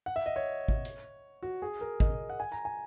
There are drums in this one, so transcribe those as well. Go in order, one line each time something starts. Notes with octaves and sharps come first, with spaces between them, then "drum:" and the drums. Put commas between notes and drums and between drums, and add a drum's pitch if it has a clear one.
F#5
E5
D#5
C#5
drum: kick G#1
drum: hi-hat
F#4
G#4
A#4
D#5, drum: kick G#1
F#5
G#5
A#5
G#5